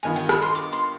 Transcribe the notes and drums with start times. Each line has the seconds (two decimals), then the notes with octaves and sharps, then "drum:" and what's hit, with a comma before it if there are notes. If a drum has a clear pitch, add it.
0.03 G2 D#3 B3 F4 G#5
0.16 G5
0.29 B5, drum: rim click
0.42 C6
0.55 D6
0.72 C6